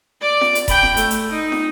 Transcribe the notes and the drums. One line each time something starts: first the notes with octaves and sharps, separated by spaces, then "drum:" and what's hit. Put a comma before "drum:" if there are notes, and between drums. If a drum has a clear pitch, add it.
D5 D6
drum: snare
drum: hi-hat
G5 B5, drum: kick E1, hi-hat
drum: snare
A3, drum: hi-hat
drum: hi-hat
D#4
drum: snare